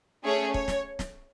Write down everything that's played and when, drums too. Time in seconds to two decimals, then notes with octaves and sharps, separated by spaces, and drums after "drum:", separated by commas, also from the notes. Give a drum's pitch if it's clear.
0.24 A3 C#4 G#4 C#5
0.54 C#5, drum: kick
0.68 drum: snare
0.99 drum: snare